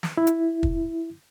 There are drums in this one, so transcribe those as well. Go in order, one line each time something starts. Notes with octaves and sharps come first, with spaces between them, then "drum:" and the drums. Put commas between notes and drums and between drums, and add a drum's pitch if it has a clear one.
drum: snare
E4
drum: hi-hat
drum: kick